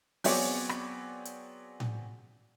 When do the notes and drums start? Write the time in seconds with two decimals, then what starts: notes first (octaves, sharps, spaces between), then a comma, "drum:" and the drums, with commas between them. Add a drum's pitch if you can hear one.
0.24 F#3 B3 C4 G#4 C#5 D5, drum: open hi-hat
0.69 drum: rim click
1.25 drum: hi-hat
1.80 drum: tom A2